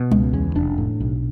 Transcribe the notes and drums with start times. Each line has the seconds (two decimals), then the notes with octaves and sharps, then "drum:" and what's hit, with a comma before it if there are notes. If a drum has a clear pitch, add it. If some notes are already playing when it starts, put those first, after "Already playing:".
Already playing: B2
0.12 C#2, drum: tom G3
0.33 E2 C#4
0.55 F1 D4
0.78 A2
1.00 B1